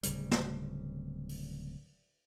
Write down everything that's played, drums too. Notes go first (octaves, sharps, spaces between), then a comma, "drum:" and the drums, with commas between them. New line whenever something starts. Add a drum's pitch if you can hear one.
D1 C#3 G3, drum: hi-hat
drum: snare
drum: open hi-hat